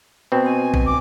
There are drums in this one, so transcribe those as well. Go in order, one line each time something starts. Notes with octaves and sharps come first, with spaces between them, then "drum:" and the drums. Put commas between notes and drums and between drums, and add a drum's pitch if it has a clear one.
B2 C4
G#5
drum: kick B1
D6